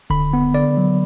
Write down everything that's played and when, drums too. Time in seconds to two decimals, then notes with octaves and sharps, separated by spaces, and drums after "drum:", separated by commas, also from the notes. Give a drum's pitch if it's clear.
0.10 D3 B5, drum: kick D1
0.33 B3
0.54 D3 D5
0.77 F#3